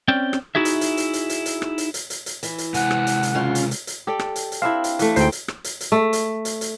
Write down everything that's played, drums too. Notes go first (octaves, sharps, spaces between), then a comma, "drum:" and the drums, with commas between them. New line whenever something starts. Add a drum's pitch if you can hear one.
C4 C#4 D5 G5
drum: rim click
D#4 E4 F#4 G#4 E5
drum: hi-hat
drum: hi-hat
drum: hi-hat
drum: hi-hat
drum: hi-hat
drum: hi-hat
drum: rim click
drum: hi-hat
drum: hi-hat
drum: hi-hat
drum: hi-hat
E3, drum: hi-hat
drum: hi-hat
C3 G#3 F#5 G#5, drum: hi-hat
drum: rim click
drum: hi-hat
drum: hi-hat
C#3 C#4 F4
drum: hi-hat
drum: hi-hat
drum: hi-hat
G4 A4 D5
drum: rim click
drum: hi-hat
drum: hi-hat
C4 D4 E4 F5
drum: hi-hat
E3 A3, drum: hi-hat
D2 G#2 C4 C5 G5 C7, drum: hi-hat
drum: hi-hat
drum: rim click
drum: hi-hat
drum: hi-hat
A3
drum: hi-hat
drum: hi-hat
drum: hi-hat